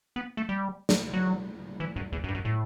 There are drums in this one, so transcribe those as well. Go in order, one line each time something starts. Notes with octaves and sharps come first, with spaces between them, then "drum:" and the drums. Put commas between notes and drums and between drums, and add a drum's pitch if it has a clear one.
B3
A3
G3
drum: snare
F#3
E3
F#2
E2
F#2
G2
F#2
A2